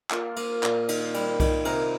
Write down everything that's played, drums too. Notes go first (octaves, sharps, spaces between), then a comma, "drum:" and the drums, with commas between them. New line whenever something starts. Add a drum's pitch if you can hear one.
A#3 F4, drum: clap
A#3, drum: cymbal
A#2, drum: clap
D#3, drum: cymbal
G3, drum: cymbal
D#3, drum: kick C2, cymbal
C3 A#4, drum: cymbal